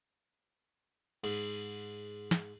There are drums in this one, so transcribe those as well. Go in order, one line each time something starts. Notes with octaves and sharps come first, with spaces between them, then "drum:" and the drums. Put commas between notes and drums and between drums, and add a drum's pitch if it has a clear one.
G#2, drum: cymbal
drum: snare